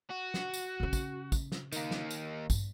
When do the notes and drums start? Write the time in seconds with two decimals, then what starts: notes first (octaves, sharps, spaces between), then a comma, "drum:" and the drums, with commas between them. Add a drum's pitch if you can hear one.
0.10 F#4
0.34 drum: snare
0.54 drum: tambourine
0.80 C#3 C#4
0.93 drum: kick, tambourine
1.32 drum: kick, tambourine
1.52 drum: snare
1.73 D#3 A#3, drum: tambourine
1.91 drum: snare
2.11 drum: tambourine
2.50 G2, drum: kick, tambourine